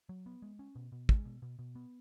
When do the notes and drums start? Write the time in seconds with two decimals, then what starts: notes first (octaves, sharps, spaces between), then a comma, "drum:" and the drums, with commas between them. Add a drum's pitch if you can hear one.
0.09 F#3
0.26 B3
0.42 G#3
0.59 C#4
0.75 B2
0.92 B2
1.09 G#3, drum: kick
1.25 B2
1.42 B2
1.59 B2
1.75 B3